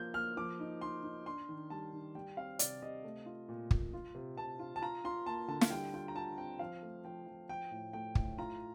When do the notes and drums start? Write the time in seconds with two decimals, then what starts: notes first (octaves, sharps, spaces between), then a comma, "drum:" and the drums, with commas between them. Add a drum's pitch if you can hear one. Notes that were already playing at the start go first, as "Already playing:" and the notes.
Already playing: F3 A#3 F4 G6
0.14 A#3 F6
0.37 F3 D6
0.60 D#4
0.81 D#4 C6
1.03 D#4
1.26 D4 C6
1.49 D#3
1.70 G3 A5
1.93 D#3
2.15 G3 G5
2.37 C4 F5
2.59 C3 D5, drum: hi-hat
2.82 C3 D#5
3.05 A3
3.26 F4
3.49 A#2
3.71 A#2, drum: kick
3.93 F4
4.15 C3
4.38 C3 A5
4.59 F4
4.76 A5
4.82 F4 A#5
5.04 F4 C6
5.26 A#3 A5
5.48 D3 A5
5.61 F5, drum: snare
5.71 G3 G5
5.94 F4 G5
6.08 A#5
6.15 F4 A5
6.38 C4 G5
6.59 F3 F5
6.83 A3
7.05 F3 G5
7.27 F3
7.49 F3 G5
7.71 A2
7.93 A3 G5
8.15 A2, drum: kick
8.38 F4 A#5